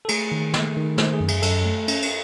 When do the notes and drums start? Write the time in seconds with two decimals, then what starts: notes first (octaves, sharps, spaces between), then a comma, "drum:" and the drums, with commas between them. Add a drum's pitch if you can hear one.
0.05 A4
0.09 A3 G#4, drum: cymbal
0.32 D#3
0.54 A3, drum: snare
0.76 D#3
0.98 A3 C5, drum: snare
1.13 G#4
1.20 F#2
1.28 G#4, drum: cymbal
1.42 F#2 A4, drum: cymbal
1.65 A3
1.88 C#4, drum: cymbal
2.02 drum: cymbal